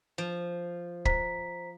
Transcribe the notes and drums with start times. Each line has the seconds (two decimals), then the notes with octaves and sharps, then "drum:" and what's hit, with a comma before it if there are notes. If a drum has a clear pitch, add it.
0.18 F3
1.05 C5 A#5 B6, drum: kick